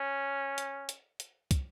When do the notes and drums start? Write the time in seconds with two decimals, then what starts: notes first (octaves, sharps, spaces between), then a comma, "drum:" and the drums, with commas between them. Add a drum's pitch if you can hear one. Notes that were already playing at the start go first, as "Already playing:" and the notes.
Already playing: C#4
0.58 drum: hi-hat
0.89 drum: hi-hat
1.20 drum: hi-hat
1.51 drum: kick, hi-hat